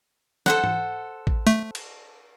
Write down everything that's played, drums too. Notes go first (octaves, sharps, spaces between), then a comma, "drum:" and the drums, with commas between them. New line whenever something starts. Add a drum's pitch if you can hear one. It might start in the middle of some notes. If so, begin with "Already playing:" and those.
A4 C5 F#5, drum: snare
drum: tom
drum: kick A1
A3, drum: hi-hat
drum: cymbal